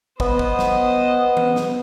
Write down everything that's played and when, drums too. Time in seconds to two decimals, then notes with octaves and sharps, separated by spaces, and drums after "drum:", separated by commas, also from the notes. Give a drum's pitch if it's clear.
0.20 B3 C5 D#5, drum: kick
0.39 drum: kick
0.59 drum: snare
1.37 drum: tom E3
1.56 drum: snare